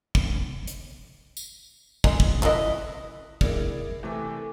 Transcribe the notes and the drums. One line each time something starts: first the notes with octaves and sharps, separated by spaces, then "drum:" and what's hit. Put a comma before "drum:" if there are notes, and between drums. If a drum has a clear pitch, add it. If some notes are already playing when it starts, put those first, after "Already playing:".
drum: kick
drum: hi-hat
drum: tambourine
G#3, drum: kick
drum: kick
E4 A4 B4 D#5, drum: clap
E4 G#4 A#4 D5, drum: kick
C3 E3 A3 A4 G#5 D6